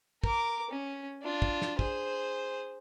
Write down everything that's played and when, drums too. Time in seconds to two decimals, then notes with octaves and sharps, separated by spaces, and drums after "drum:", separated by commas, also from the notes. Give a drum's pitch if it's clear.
0.24 A#4 D6, drum: kick
0.70 C#4
1.23 D4 F4
1.42 drum: kick
1.62 drum: snare
1.79 G#4 C5, drum: kick